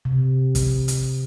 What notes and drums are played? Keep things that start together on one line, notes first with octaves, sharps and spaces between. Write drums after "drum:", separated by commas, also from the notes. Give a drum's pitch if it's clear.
C3
drum: kick, hi-hat
drum: hi-hat